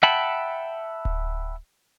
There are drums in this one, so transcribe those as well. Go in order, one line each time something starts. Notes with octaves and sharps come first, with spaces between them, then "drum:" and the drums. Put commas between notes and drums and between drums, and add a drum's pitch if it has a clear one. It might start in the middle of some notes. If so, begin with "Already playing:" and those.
E5 F#5 G5 A5 B5
drum: kick D1